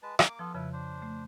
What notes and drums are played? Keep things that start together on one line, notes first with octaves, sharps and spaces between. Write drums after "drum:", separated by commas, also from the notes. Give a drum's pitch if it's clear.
G#3 B4 A5
A#3 D6, drum: rim click
F3 B3 F4 A4
F2 C#3 F3 E4 B4
D4 C5
A3